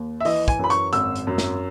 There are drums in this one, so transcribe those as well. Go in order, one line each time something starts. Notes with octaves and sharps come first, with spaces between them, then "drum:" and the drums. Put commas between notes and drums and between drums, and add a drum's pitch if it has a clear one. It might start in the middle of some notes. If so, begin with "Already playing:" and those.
Already playing: D#2
E5
E3 D#5, drum: open hi-hat
G#5, drum: kick, hi-hat
F#2 B5
C#6, drum: hi-hat
G#1 E6, drum: hi-hat
drum: hi-hat
F#2
drum: snare